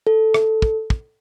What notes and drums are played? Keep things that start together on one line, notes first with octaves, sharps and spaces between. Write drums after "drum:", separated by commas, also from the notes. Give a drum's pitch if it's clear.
A4
drum: rim click
drum: kick
drum: kick